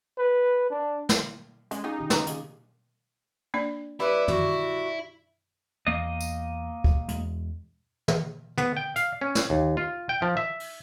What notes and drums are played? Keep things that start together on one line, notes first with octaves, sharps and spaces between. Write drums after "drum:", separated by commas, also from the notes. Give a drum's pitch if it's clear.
B4
D4
drum: snare
G#3 C#4 D4, drum: hi-hat
A#3 D#4 F4 G#4
C3 D#3 G4
C#3 G4 B4 A#5, drum: snare
D3 F4 G#4, drum: hi-hat
A#3 D4 D5
G3 E4 B4
F#4, drum: tom
E2 A#3 D#5
drum: tambourine
drum: kick
E2 G#3, drum: hi-hat
drum: tom
B3, drum: tom
G5
F5, drum: hi-hat
C#4
drum: snare
D#2
F4
G5
F3
E5
drum: open hi-hat